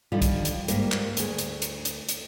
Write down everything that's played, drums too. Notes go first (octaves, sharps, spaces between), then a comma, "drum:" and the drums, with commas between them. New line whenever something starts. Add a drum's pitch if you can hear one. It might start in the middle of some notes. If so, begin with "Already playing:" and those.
D3 D#3 F3 G3 F4
drum: kick B1, hi-hat
drum: hi-hat
G#2 G3 A#3 G4 A#4, drum: hi-hat
drum: clap
D2 G#4, drum: hi-hat
drum: hi-hat
drum: hi-hat
drum: hi-hat
drum: hi-hat